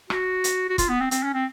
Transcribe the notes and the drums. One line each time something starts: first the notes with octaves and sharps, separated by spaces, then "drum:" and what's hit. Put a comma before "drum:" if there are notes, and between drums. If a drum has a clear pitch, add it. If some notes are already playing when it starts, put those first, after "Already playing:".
F#4, drum: rim click
drum: hi-hat
F#4
F4, drum: kick, hi-hat
B3
C4
C4, drum: hi-hat
C#4
C4